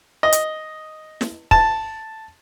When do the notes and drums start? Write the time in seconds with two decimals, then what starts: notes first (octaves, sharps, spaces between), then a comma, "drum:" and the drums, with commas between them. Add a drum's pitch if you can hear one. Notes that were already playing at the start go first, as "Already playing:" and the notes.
0.23 D#5
0.32 drum: hi-hat
1.21 drum: snare
1.51 A5, drum: kick